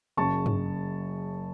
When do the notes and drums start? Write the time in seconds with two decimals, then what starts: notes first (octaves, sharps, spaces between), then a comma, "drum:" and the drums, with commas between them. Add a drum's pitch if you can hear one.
0.17 F#1 F#2 C#3 A5 C#6
0.46 drum: tom G2